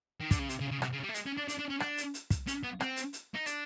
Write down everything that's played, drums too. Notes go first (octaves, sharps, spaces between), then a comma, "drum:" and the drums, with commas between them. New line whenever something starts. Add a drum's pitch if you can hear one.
D#3
D3, drum: kick, hi-hat
C#3
C3, drum: hi-hat
C#3
C#3
C3, drum: rim click
C#3
G3
A3
G#3, drum: hi-hat
C#4
D4
D4, drum: hi-hat
D4
C#4
D4, drum: rim click
drum: hi-hat
drum: hi-hat
drum: kick, hi-hat
C#4, drum: hi-hat
B3
C4, drum: rim click
drum: hi-hat
drum: hi-hat
D#4
D4, drum: hi-hat